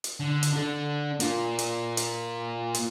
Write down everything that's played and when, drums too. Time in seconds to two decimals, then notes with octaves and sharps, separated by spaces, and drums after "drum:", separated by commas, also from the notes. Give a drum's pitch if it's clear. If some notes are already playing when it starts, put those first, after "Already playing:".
0.04 drum: hi-hat
0.20 D3
0.43 drum: hi-hat
0.53 D4 A4
1.20 A#3 F4, drum: hi-hat
1.59 drum: hi-hat
1.97 drum: hi-hat
2.74 drum: hi-hat